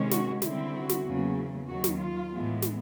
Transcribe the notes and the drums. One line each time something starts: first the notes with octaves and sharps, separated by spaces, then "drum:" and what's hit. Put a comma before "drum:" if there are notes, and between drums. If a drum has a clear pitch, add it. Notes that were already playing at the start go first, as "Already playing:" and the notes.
Already playing: C3 D#3 G#3 C#4
F#4, drum: snare
D3 G3 C4 E4, drum: snare
F#4
drum: snare
E2 C#3 F#3 A#3
D#2 D#3 F#3 F#4
drum: snare
F4
A2 E3 G#3 B3
drum: snare